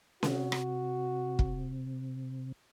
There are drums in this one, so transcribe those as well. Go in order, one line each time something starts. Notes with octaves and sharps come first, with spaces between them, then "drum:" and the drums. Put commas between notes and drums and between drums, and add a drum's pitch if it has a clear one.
C3 F#4, drum: snare C#4
drum: rim click
drum: kick